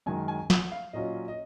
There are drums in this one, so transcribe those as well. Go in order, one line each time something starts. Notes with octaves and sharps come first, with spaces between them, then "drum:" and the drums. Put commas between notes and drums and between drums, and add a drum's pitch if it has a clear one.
F#2 D#3 G#3 G#5
G#5
F#5, drum: snare
F5
A#2 F#3 C#4 F4 D#5
D#5